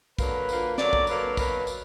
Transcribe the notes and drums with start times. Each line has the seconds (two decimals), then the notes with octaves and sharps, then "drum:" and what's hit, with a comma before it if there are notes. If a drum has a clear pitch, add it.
0.19 D3 F#3 A#3 B4, drum: kick, tambourine
0.49 D3 F3 A#3, drum: tambourine
0.78 D3 F#3 A#3 D5, drum: snare
0.93 drum: kick
1.07 D3 F#3 A#3 B4, drum: tambourine
1.37 B2 F#3 A#3 B4, drum: kick, tambourine
1.67 drum: tambourine